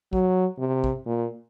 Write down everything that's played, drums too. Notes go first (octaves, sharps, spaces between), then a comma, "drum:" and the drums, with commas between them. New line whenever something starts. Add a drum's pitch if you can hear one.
F#3, drum: kick
C3
drum: kick
A#2